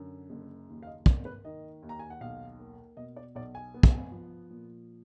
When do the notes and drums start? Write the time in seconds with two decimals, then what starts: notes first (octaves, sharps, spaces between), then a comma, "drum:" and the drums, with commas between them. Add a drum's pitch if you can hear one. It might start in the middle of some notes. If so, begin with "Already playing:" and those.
Already playing: F#2 D3
0.30 F#1
0.69 D#2
0.83 F5
0.87 D#5
1.06 A#3 D5, drum: kick
1.25 B4
1.44 D#3 D#5
1.83 D#2
1.89 A#5
1.99 G#5
2.10 F#5
2.20 B1 F5
2.59 A#3
2.97 B2 D#5
3.16 D5
3.35 B1 D5
3.55 G#5
3.74 B3
3.83 drum: kick
4.12 F3
4.50 A#2